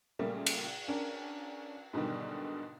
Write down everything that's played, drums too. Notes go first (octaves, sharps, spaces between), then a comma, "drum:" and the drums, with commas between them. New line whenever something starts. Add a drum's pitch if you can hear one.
A#2 C#3 G3 A3 A#3
drum: cymbal
C#4 D4 A#4
G#2 B2 D3 D#3 G3